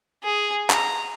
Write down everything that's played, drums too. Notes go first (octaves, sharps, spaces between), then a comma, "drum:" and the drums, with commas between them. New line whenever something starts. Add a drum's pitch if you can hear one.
G#4
A#5, drum: clap